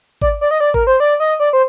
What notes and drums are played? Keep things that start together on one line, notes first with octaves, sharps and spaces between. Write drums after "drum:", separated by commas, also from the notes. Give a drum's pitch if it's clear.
D5, drum: kick G#1
D5
D#5
D5
A#4, drum: kick G#1
C5
D5
D#5
D5
C5